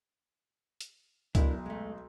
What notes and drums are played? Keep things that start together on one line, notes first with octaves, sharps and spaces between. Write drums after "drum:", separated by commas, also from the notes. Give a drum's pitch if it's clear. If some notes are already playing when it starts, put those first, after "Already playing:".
drum: hi-hat
B1 D4 E4 A#4, drum: kick C#2, hi-hat
G#3 A3